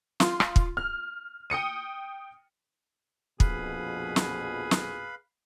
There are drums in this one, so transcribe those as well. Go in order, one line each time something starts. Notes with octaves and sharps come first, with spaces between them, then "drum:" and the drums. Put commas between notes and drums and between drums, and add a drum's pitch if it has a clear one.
F4 C6, drum: snare
drum: rim click
drum: kick
F6
G5 D#6 C#7 D#7
A#1 F2 B2 G#4 B4 F5 B5, drum: kick
drum: snare
drum: snare